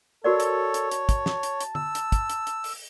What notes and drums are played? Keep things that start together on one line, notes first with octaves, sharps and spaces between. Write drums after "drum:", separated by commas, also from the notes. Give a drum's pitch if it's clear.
F#4 A4 A#4 C#5 D5
drum: hi-hat
drum: hi-hat
A5, drum: hi-hat
drum: kick, hi-hat
drum: snare
drum: hi-hat
drum: hi-hat
E6, drum: tom D3
drum: hi-hat
drum: kick, hi-hat
drum: hi-hat
drum: hi-hat
drum: open hi-hat